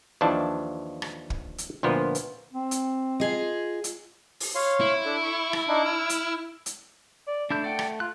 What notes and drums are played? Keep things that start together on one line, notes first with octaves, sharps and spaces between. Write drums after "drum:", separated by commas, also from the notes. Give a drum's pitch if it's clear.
D#2 E3 F3 D4 A5
drum: rim click
drum: kick
drum: hi-hat
D2 A#2 F3 B3
drum: hi-hat
C4
drum: hi-hat
F4 G#4 D#5
drum: hi-hat
drum: open hi-hat
C#5 F5 C6
E4
D4 A4
C#6
drum: rim click
D4 D#4
E6 F6
drum: hi-hat
drum: hi-hat
D5
A3 D4 E4 G6
D5 F#5 G5
drum: rim click
F4 F#6